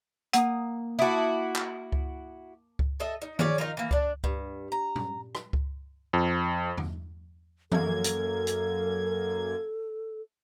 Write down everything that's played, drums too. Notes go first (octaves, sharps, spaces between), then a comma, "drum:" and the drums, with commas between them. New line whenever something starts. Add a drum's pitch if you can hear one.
A#3 F#5 D#6, drum: hi-hat
E4 F#4 A5 D6 D#6
drum: clap
drum: kick C#2
drum: kick C#2
A4 D#5 E5
D#4
C#4 G#4 C#5 D5, drum: tom D#3
D#4 F4 A#4
E3 A#3
D4 D5, drum: kick C#2
G2, drum: kick C#2
A#5
drum: tom
drum: rim click
drum: kick C#2
F2
drum: tom E2
F#2 A#3 A4 G#6, drum: tom E3
drum: hi-hat
drum: hi-hat